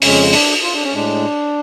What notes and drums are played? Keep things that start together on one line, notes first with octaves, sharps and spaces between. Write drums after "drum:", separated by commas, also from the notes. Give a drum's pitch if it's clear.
F2 C#3 G#3 C#4, drum: open hi-hat
D4, drum: open hi-hat
F4
D4
C#4
A2 G#3 D4